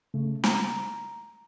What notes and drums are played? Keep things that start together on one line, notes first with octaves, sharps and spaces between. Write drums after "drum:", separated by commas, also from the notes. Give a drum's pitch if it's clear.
C#3 A3
A#5, drum: snare